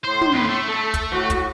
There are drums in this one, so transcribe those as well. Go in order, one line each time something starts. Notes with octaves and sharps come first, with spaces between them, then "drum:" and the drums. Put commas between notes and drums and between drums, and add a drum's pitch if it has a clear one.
A2 C5 C6
drum: tom
D#2 B4
A3
A3 A4
drum: kick, hi-hat
A2 F#4, drum: snare
drum: kick, hi-hat